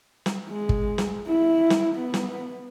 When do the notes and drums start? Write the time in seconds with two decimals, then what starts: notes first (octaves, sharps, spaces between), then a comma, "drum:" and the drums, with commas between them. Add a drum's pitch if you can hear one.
0.26 drum: snare
0.49 G#3
0.69 drum: kick
0.98 drum: snare
1.27 E4
1.70 drum: snare
1.96 B3
2.14 drum: snare